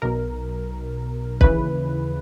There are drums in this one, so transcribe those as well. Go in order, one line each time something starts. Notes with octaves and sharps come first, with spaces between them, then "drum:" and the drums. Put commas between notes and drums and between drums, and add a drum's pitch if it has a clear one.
B1 B2 A#4
D#2 C#3 E3 B4, drum: kick